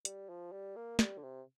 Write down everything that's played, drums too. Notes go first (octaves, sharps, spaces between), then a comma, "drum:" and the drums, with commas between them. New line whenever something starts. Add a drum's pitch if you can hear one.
G3, drum: hi-hat
F3
G3
A#3
G3, drum: snare
D3
C3